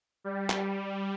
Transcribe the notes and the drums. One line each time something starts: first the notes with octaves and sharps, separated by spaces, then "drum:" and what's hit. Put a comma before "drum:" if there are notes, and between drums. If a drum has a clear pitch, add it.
G3
drum: clap